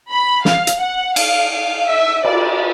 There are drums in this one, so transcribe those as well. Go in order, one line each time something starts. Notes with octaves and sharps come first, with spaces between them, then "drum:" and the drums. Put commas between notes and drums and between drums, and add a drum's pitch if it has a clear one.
B5
F5, drum: snare
drum: hi-hat
F#5
F5, drum: cymbal
F5
E5
D5, drum: cymbal